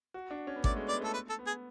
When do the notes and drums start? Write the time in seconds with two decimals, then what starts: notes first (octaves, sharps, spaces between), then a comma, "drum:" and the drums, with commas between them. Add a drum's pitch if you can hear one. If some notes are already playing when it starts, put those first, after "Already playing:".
0.14 F#4
0.31 D4
0.47 C#4
0.56 B3
0.64 A3 D5, drum: kick G#1
0.76 G#3
0.89 B3 D5
1.01 A3 A4
1.14 B4
1.30 A4
1.39 B3
1.47 G#4